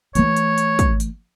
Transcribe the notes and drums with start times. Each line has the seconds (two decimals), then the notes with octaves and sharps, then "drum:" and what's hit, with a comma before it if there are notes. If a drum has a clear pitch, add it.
0.15 E3 A3 C#5, drum: hi-hat
0.36 drum: hi-hat
0.58 drum: hi-hat
0.79 drum: kick, hi-hat
1.00 drum: hi-hat